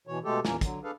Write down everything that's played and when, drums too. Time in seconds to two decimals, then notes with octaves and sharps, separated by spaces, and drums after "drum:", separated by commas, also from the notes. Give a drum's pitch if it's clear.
0.07 B2 E3 C#5
0.24 B2 G#3 A3 G4 A4
0.45 E2 A#2 A#3 C#4, drum: snare
0.61 D3 F#3, drum: kick, hi-hat
0.83 D4 G#4 A4 B4 F5